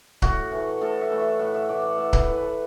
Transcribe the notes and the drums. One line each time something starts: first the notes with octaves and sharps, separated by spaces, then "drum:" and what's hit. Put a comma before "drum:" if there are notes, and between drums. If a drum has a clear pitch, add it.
A2 F#4, drum: kick C#1
E3 A3
A2 A4
E5
E3 A3
E5
A2 F#5
E5
E3 A3 D5
F#5
A2 E5
B4, drum: kick C#1
E3 A3 B4
A4